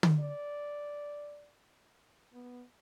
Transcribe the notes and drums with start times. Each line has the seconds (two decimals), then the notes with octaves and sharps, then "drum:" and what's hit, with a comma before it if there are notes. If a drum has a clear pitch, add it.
0.03 drum: tom
0.20 D5
2.33 B3